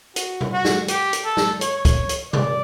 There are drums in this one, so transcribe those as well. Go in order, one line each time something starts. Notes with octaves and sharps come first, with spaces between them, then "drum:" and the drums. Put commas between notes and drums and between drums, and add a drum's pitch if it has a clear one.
F#4, drum: hi-hat
drum: tom B2
F#4
drum: snare
G4, drum: hi-hat
drum: hi-hat
A4
drum: snare
C#5, drum: hi-hat
drum: kick, hi-hat
drum: hi-hat
D5, drum: tom B2